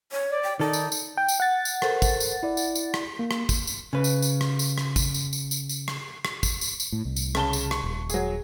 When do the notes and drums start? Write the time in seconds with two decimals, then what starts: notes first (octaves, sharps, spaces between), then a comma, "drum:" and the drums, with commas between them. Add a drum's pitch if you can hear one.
0.12 C#5
0.31 D5
0.43 G5
0.60 D#3 D#4 A4 D5
0.73 drum: tambourine
0.92 drum: tambourine
1.17 G5
1.28 drum: tambourine
1.40 F#5 A6
1.65 drum: tambourine
1.82 A4 A#4 C5, drum: rim click
2.02 drum: kick, tambourine
2.20 drum: tambourine
2.43 E4 D5
2.57 drum: tambourine
2.75 drum: tambourine
2.94 drum: rim click
3.19 A#3
3.31 drum: rim click
3.49 drum: kick, tambourine
3.67 drum: tambourine
3.93 C#3 B4
4.04 drum: tambourine
4.22 drum: tambourine
4.41 drum: rim click
4.59 drum: tambourine
4.78 drum: rim click
4.96 drum: kick, tambourine
5.14 drum: tambourine
5.33 drum: tambourine
5.51 drum: tambourine
5.69 drum: tambourine
5.88 drum: rim click
6.25 drum: rim click
6.43 drum: kick, tambourine
6.61 drum: tambourine
6.80 drum: tambourine
6.92 A2
7.05 C2
7.16 drum: tambourine
7.35 C#3 A5 G7, drum: rim click
7.53 drum: tambourine
7.71 C#6, drum: rim click
7.84 D#1
8.10 F#3 G#4, drum: tambourine